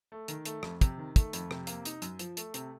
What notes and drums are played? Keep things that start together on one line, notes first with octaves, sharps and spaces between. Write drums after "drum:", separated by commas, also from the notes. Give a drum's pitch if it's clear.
A3
D#3, drum: hi-hat
A3, drum: hi-hat
F2, drum: rim click
C3, drum: kick, hi-hat
D#3
A3, drum: kick, hi-hat
F2, drum: hi-hat
C3, drum: rim click
A#3, drum: hi-hat
D#4, drum: hi-hat
F#2, drum: hi-hat
F3, drum: hi-hat
A3, drum: hi-hat
C3, drum: hi-hat